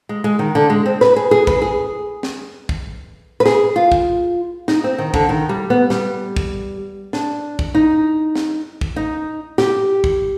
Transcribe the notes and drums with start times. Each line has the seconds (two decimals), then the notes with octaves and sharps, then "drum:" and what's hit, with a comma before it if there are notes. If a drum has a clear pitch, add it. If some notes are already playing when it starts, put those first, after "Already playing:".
0.09 G#3
0.24 G#3
0.39 D#3
0.55 D3
0.70 G#3
0.86 C4
1.01 B4, drum: snare
1.16 G#4
1.31 G#4
1.47 B4, drum: kick
1.62 G#4
2.23 drum: snare
2.69 drum: kick
3.40 B4
3.46 G#4, drum: snare
3.76 F4
3.92 drum: kick
4.68 D#4, drum: snare
4.84 C4
4.98 D#3
5.14 D3, drum: kick
5.29 D#3
5.49 G3
5.70 B3
5.90 G3, drum: snare
6.36 drum: kick
7.13 D4, drum: snare
7.59 drum: kick
7.75 D#4
8.35 drum: snare
8.81 drum: kick
8.96 D#4
9.58 G4, drum: snare
10.04 drum: kick